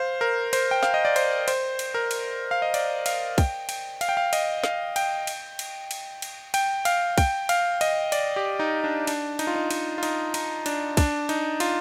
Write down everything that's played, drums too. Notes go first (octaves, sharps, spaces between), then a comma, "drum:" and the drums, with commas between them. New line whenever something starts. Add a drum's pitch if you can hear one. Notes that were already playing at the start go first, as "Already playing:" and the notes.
Already playing: C5 F5
A#4
C5, drum: cymbal
G5
F5, drum: snare
D#5
D5
C5, drum: cymbal
C5, drum: cymbal
drum: cymbal
A#4
drum: cymbal
F5
D#5
D5, drum: cymbal
F5, drum: cymbal
G5, drum: kick, cymbal
G5, drum: cymbal
F5, drum: cymbal
G5
F5
D#5, drum: cymbal
F5, drum: snare
G5, drum: cymbal
drum: cymbal
drum: cymbal
drum: cymbal
drum: cymbal
G5, drum: cymbal
F5, drum: cymbal
G5, drum: kick, cymbal
F5, drum: cymbal
D#5, drum: cymbal
D5, drum: cymbal
G4
D#4
D4
D4, drum: cymbal
D#4, drum: cymbal
F4
D#4
D#4, drum: cymbal
F4
D#4, drum: cymbal
D#4, drum: cymbal
D4, drum: cymbal
D4, drum: kick, cymbal
D#4, drum: cymbal
F4, drum: cymbal